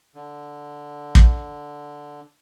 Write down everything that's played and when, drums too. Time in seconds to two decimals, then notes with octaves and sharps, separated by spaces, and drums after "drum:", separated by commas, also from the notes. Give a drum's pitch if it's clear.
0.15 D3
1.15 drum: kick